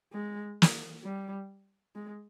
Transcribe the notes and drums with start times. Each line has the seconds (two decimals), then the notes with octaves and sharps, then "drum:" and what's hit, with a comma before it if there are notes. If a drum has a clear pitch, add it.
0.13 G#3
0.62 drum: snare
1.04 G3
1.95 G#3